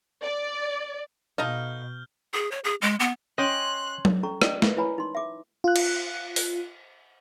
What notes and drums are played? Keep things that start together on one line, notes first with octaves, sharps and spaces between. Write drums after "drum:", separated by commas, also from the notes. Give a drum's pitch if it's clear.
D5
B2 D#4 A4 D#5 F5 F6 G6 G7
G#4
C#5
G#4
G#3
B3
C#4 D#5 G5 C6 F#6
drum: tom F#3
C#4 A4 A#5 C#6
C#4 D5 D#5 D#6, drum: rim click
A#4 B4, drum: snare
E4 B4 C#5 G#5 A#5 B5
D#4 C6
E5 D6
F4 F#6
drum: cymbal
drum: open hi-hat